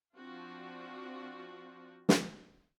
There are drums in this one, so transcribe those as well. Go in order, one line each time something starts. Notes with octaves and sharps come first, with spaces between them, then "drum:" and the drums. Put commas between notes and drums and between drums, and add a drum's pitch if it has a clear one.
F3 C4 D4 F4 F#4
drum: snare